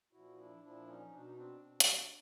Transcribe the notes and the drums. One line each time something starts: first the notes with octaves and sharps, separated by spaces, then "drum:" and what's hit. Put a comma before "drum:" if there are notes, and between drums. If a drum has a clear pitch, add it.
A#2 F3 E4 F#4
D4 E4
A#2 F3 D4 E4
C#4 D#4
B2 D4
D#4
C4 D4
B2
drum: hi-hat